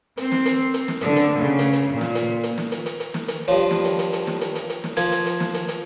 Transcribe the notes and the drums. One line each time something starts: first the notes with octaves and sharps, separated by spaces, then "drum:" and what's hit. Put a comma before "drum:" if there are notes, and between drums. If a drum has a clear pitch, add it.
C4, drum: hi-hat
drum: snare
drum: hi-hat
drum: hi-hat
drum: snare
D3, drum: hi-hat
drum: hi-hat
C#3
drum: hi-hat
drum: hi-hat
A#2
drum: snare
drum: hi-hat
drum: hi-hat
drum: snare
drum: hi-hat
drum: hi-hat
drum: hi-hat
drum: snare
drum: hi-hat
G2 F3 C#5
drum: snare
drum: hi-hat
drum: hi-hat
drum: hi-hat
drum: snare
drum: hi-hat
drum: hi-hat
drum: hi-hat
drum: snare
F3 G#6, drum: hi-hat
drum: hi-hat
drum: hi-hat
drum: snare
drum: hi-hat
drum: hi-hat